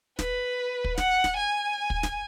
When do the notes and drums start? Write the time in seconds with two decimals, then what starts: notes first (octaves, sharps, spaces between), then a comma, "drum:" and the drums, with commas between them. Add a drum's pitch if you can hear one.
0.19 B4, drum: snare
0.84 drum: kick
0.98 F#5, drum: snare
1.24 drum: snare
1.37 G#5
1.90 drum: kick
2.03 drum: snare